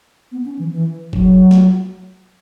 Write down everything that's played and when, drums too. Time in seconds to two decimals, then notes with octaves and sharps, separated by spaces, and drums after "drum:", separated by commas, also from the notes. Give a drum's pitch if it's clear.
0.32 B3
0.45 C#4
0.59 E3
0.72 E3
1.13 F#3, drum: kick
1.51 drum: snare